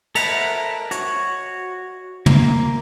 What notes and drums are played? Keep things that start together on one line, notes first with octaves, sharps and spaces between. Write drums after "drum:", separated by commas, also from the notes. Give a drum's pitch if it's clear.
A4 A#4 E5 F#5 B5, drum: cymbal
F#4 C#5, drum: hi-hat
A#3, drum: tom